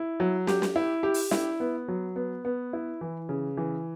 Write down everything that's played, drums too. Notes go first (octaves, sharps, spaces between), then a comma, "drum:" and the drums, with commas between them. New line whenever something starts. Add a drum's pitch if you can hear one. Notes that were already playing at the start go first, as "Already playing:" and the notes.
Already playing: E4
F#3
G4, drum: snare
drum: snare
E4
G4
drum: open hi-hat
E4, drum: snare
B3
F#3
B3
B3
E4
E3
C#3
E3